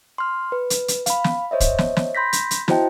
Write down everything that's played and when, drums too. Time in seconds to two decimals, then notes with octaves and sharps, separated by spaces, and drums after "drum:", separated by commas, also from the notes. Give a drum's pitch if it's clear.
0.18 C6 F6
0.52 B4
0.70 drum: hi-hat
0.88 drum: hi-hat
1.06 F5 B5, drum: hi-hat
1.24 drum: snare
1.51 C5 C#5 D#5 E5
1.60 drum: kick, hi-hat
1.78 drum: snare
1.97 drum: snare
2.15 B5 C6 G6 A#6 B6
2.33 drum: hi-hat
2.51 drum: hi-hat
2.68 E4 F#4 C5 D#5 G5 A5, drum: snare